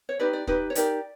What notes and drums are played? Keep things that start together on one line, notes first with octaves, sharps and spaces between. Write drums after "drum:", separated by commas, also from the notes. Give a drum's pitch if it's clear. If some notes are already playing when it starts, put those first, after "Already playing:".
C#5
D#4 G4 B4 D5
D5
D#4 G4 B4, drum: kick
C#5
D#4 G4 A#4 D5, drum: hi-hat